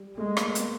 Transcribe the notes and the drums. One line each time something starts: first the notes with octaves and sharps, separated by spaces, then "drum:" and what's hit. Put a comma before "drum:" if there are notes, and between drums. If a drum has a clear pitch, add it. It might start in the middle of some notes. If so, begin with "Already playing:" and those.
Already playing: G3
G#3 A3
A#3, drum: rim click
B3, drum: hi-hat